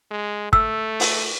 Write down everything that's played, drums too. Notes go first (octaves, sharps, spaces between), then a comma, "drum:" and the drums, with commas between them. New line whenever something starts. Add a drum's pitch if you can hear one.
G#3
A3 E6, drum: kick G1
drum: open hi-hat